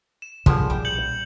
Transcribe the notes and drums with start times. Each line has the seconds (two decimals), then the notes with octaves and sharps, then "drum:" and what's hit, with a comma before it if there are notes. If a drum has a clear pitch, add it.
0.22 E7
0.46 G2 A#2 D3 F3 G3 G#4 F#5, drum: kick
0.70 B1 G3 C#4 G5
0.85 G6 C#7 F#7